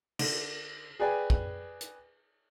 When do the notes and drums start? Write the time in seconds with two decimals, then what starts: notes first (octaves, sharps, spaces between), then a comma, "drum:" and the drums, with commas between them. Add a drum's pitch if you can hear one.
0.19 D3, drum: cymbal
1.00 G#4 B4 D5 G5 G#5
1.30 drum: kick
1.81 drum: hi-hat